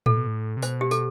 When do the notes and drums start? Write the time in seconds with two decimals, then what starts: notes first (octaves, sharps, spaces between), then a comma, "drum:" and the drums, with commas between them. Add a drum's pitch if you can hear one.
0.06 A2 A4, drum: tom A2
0.16 B2
0.27 A2
0.57 C3
0.62 B2 C5, drum: tambourine
0.81 G4
0.91 A4, drum: tambourine